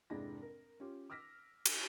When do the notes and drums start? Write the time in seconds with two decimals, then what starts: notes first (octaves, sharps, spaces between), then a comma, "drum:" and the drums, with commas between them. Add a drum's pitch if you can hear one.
0.10 F1 G#2 G#3 D4 E4 A#6
0.42 A#4
0.80 C#4 F4 G4
1.10 D6 E6 F6 A#6 B6
1.66 drum: cymbal